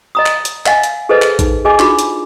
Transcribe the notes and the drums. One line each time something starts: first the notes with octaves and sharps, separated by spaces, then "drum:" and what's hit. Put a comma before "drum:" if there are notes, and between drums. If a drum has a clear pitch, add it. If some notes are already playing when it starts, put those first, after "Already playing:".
D#5 A#5 D#6
drum: clap
drum: hi-hat
D#5 F5 F#5 G#5, drum: clap
drum: hi-hat
G#4 A4 B4 C5 D#5 A5
drum: clap
D#4, drum: kick, hi-hat
G#4 D#5 G#5 D6
D4 D#4 F4 F#4 B5 D6, drum: clap
drum: hi-hat